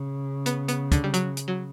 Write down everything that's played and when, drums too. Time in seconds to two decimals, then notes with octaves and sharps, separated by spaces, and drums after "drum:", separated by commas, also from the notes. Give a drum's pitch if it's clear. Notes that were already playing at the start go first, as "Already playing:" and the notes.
Already playing: C#3
0.46 B3, drum: hi-hat
0.68 B3, drum: hi-hat
0.92 D3, drum: kick, hi-hat
1.04 G3
1.14 F#3, drum: hi-hat
1.37 drum: hi-hat
1.48 F#3